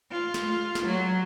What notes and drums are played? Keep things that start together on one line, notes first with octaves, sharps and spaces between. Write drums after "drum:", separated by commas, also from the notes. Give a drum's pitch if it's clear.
F4
drum: snare
drum: snare
F#3